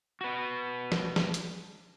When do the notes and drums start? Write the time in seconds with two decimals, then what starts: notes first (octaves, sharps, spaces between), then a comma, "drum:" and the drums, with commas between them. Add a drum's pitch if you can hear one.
0.21 F#4 B4
0.92 drum: snare
1.16 drum: snare
1.34 drum: hi-hat